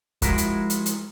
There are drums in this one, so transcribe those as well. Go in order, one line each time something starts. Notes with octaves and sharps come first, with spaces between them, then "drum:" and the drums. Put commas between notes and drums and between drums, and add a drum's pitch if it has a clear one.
F3 G#3 E4 F#4 A#4, drum: kick, hi-hat
drum: hi-hat
drum: hi-hat
drum: hi-hat